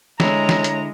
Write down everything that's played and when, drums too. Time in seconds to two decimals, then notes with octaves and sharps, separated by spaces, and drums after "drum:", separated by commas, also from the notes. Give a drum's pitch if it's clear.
0.20 D3 G#3 E4 C#5 A#5, drum: snare
0.49 drum: snare
0.64 drum: hi-hat